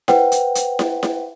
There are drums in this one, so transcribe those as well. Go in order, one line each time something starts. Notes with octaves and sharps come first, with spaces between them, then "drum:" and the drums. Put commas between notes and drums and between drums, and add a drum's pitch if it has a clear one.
B4 C5 F#5 G5, drum: snare E4
drum: hi-hat
drum: hi-hat
drum: snare E4
drum: snare E4